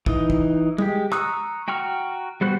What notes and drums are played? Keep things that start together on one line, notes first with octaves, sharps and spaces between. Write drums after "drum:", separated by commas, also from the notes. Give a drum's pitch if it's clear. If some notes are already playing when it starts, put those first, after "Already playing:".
E3 D#4, drum: kick
drum: kick
G#3 G4, drum: tom G3
A#5 C#6 D#6 E6 F#6, drum: rim click
F#4 G5 A#5 C#6 F6
G3 B3 F#4 C5 F#6